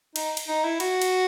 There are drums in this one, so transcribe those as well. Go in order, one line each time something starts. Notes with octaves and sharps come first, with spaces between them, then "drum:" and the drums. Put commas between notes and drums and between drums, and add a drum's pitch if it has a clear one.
D#4, drum: cymbal
drum: cymbal
D#4
E4
F#4, drum: cymbal
drum: cymbal